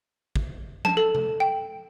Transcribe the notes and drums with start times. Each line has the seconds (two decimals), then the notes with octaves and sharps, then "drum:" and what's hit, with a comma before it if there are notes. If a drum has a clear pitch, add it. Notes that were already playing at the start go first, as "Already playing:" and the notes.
0.36 drum: kick
0.85 A5, drum: tom F3
0.97 A4
1.15 drum: tom C3
1.40 G5